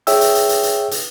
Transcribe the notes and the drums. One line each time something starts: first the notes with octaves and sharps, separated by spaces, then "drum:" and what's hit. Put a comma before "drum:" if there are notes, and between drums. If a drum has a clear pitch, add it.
G#4 C#5 E5 G5 E6, drum: hi-hat
drum: hi-hat
drum: hi-hat
drum: hi-hat
drum: hi-hat
drum: hi-hat